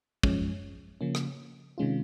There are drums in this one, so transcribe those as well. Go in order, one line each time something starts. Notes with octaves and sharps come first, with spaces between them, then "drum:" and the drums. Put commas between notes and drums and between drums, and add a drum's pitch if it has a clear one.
F#2 F3 G#3 C#4, drum: kick
C#3 F3 A#3 C#4
drum: rim click
C3 D#3 G#3 C#4 F4